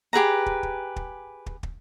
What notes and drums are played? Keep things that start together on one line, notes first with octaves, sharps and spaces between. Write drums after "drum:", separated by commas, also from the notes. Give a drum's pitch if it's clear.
G4 G#4 B4 A#5
drum: kick
drum: kick
drum: kick
drum: kick
drum: kick